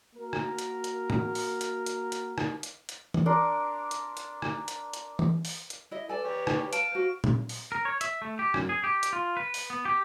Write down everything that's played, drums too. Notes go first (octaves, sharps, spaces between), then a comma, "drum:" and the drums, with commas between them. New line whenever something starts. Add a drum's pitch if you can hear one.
A#3 F#4 A#4
drum: rim click
drum: hi-hat
drum: hi-hat
drum: tom A2
drum: open hi-hat
drum: hi-hat
drum: hi-hat
drum: hi-hat
drum: rim click
drum: hi-hat
drum: hi-hat
drum: tom E3
D4 A#4 C6
drum: hi-hat
drum: hi-hat
drum: rim click
drum: hi-hat
drum: hi-hat
drum: tom E3
drum: open hi-hat
drum: hi-hat
E4 D#5
A4 B4 D5 G#5
G4 C#5 D5
drum: rim click
F5 A5 D7, drum: hi-hat
F#4 C5
drum: tom A#2
drum: open hi-hat
A#4
C#5
E5, drum: hi-hat
A3
G4
F#2, drum: rim click
G#4
G4
drum: hi-hat
F4
B4
drum: open hi-hat
B3
G4